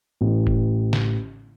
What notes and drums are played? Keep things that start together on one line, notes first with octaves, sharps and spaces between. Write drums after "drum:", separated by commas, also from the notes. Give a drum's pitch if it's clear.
A1
drum: kick F#1
drum: snare